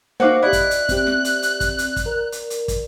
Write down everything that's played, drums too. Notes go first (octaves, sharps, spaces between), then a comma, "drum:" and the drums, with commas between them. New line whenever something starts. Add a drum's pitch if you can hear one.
A#3 D#4 F#4 C5 F5 F#5 D6
E4 G4 D5 D#5 F#6
drum: kick, hi-hat
drum: hi-hat
C4 G4, drum: kick, hi-hat
drum: snare
drum: hi-hat
drum: hi-hat
drum: kick, hi-hat
drum: hi-hat
drum: kick, hi-hat
A#4
drum: hi-hat
drum: hi-hat
drum: kick, hi-hat